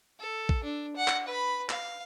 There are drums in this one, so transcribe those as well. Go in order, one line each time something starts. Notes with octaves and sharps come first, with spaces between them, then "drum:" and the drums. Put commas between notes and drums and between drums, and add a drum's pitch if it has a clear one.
A4
drum: kick A#1
D4
F#5
drum: clap
B4 B5
F5, drum: clap